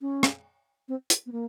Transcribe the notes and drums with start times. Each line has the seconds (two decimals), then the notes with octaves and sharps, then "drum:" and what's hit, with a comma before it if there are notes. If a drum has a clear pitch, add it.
0.01 C#4
0.23 drum: rim click
0.88 C4
1.10 drum: hi-hat
1.26 B3
1.32 A#3